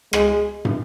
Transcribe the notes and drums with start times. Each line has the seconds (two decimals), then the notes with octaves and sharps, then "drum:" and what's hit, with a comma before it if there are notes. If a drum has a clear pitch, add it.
0.13 G#3, drum: rim click
0.65 drum: tom